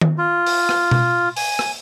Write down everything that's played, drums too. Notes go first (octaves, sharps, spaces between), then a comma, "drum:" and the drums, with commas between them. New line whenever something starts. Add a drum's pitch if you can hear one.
drum: tom D#3
F4
drum: open hi-hat
drum: rim click
drum: tom B2
G#5, drum: open hi-hat
drum: rim click